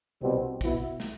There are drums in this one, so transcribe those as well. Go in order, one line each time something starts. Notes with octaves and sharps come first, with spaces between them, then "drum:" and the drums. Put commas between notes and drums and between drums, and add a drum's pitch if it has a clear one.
C2 B2 G3 C4
B2 B3 E4, drum: kick, hi-hat
drum: snare